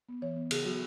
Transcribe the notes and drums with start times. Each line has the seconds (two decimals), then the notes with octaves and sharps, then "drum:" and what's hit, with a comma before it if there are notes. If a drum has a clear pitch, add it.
0.09 B3
0.22 E3 C#5
0.36 B3
0.51 C#3 G#4, drum: cymbal
0.65 F#3 B3 F#4